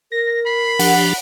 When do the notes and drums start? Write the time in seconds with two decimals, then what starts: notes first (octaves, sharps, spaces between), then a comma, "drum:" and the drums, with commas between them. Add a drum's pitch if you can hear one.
0.12 A#4 A#6
0.46 B5 C7
0.79 F3 D4 G4 F#5, drum: open hi-hat